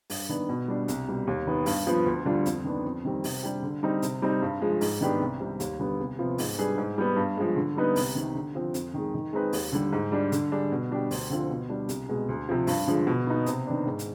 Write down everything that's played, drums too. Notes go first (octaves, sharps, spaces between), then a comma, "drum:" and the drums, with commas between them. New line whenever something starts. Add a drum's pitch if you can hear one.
G2, drum: open hi-hat
D#3 B3 D4
B2
G3 D4
C2, drum: hi-hat
B2 G3
D#2
D#3 B3
G2, drum: open hi-hat
F3 B3
D2
D3 G3 D4 F4
F2, drum: hi-hat
D#3 B3 D4
F2
D#3 G3 C4 G4
C3, drum: open hi-hat
G3 D4 G4
D3
G3 C4 D#4
C3, drum: hi-hat
G3 C4 D#4
G2
F3 G#3
G#2, drum: open hi-hat
D#3 B3 D4 G4
C2
C3 G3
D#2, drum: hi-hat
D3 G3 B3
C2
C3 F3 B3 F4
G#2, drum: open hi-hat
G3 D4 G#4 B4
G#2
G3 B3
G2
F3 G#3
D3
G3 B3 D#4 B4
C2, drum: open hi-hat
C3 D#3
D3
F3 C4
F2, drum: hi-hat
D#3 G#3
D#3
G#3 C4 D#4 B4
D#2, drum: open hi-hat
D3 G3
G#2
G3 D4
D3, drum: hi-hat
G3 D4 G#4
B2
G3 D4 G4
D2, drum: open hi-hat
D3 F3 C4 F4
B2
G3 D4
C2, drum: hi-hat
B2 G#3
D2
C3 F3
G2, drum: open hi-hat
D3 F3 G#3
B2
B3 D#4
C3, drum: hi-hat
D#3 B3 D4
G#2
drum: hi-hat